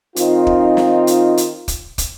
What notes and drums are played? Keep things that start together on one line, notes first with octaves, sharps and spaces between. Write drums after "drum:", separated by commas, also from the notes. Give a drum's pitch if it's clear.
D#3 C4 D#4 F4, drum: hi-hat
drum: kick
drum: snare
drum: hi-hat
drum: hi-hat
drum: kick, hi-hat
drum: kick, hi-hat